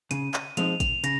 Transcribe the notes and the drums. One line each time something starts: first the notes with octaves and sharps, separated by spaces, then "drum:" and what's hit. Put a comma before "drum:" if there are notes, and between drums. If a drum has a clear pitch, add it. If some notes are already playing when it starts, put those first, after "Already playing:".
C#3 D#7, drum: hi-hat
drum: clap
F3 G#3 C4 D#4 F7, drum: hi-hat
F7, drum: kick, hi-hat
C#3 A#6, drum: hi-hat